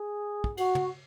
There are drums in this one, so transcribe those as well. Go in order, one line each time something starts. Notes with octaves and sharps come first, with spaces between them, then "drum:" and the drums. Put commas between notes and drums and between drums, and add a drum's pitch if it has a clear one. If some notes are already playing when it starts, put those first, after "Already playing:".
Already playing: G#4
drum: kick
F#4, drum: cymbal
drum: tom